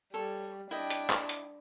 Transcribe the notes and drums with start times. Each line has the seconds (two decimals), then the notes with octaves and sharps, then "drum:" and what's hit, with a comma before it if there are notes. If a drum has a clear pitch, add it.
0.14 G3 A4 C#5
0.71 D4 E4 D#5 G5
0.90 drum: hi-hat
1.10 drum: clap
1.29 drum: hi-hat